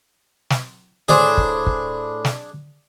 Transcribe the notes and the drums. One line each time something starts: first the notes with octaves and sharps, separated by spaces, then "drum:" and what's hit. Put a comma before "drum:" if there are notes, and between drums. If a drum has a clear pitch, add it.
drum: snare
A2 D4 G#4 C5 G#5
drum: kick
drum: kick
drum: snare